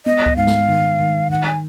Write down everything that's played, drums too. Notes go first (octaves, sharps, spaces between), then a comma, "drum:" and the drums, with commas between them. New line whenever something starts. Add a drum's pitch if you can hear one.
B3 D#5
drum: kick C#2
G#2 F5
drum: snare
D#3
D#3
D#3 F#5
G#5